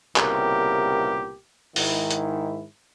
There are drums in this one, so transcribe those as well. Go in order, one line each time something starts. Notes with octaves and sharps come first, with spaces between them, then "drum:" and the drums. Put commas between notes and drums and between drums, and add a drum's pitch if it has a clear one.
C2 A#2 C#3 B3 G4 A#4, drum: clap
G#2 D#3 E4, drum: open hi-hat
drum: hi-hat